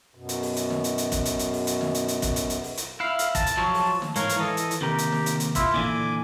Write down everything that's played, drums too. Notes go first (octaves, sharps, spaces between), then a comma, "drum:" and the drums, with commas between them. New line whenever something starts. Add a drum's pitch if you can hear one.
F#2 B2
drum: hi-hat
drum: open hi-hat
drum: hi-hat
drum: snare
drum: hi-hat
drum: hi-hat
drum: kick, hi-hat
drum: hi-hat
drum: hi-hat
drum: open hi-hat
drum: hi-hat
drum: snare
drum: hi-hat
drum: hi-hat
drum: kick, hi-hat
drum: hi-hat
drum: hi-hat
drum: open hi-hat
drum: hi-hat
E4 F5
drum: hi-hat
A5, drum: kick, hi-hat
drum: hi-hat
F3 F#3
drum: open hi-hat
drum: snare
G#2 E3 A#4 C#5 F5, drum: hi-hat
drum: hi-hat
E3 A4 D#5
drum: hi-hat
drum: hi-hat
D#2 C3 G4 A#4
drum: hi-hat
drum: snare
drum: hi-hat
drum: hi-hat
E4 F4 E5, drum: kick, hi-hat
A#2 D3 E3 G#5 D6